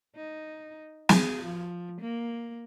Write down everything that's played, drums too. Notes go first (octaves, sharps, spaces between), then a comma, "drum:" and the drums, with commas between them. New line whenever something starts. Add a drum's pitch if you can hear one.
D#4
G#4, drum: snare
F3
A#3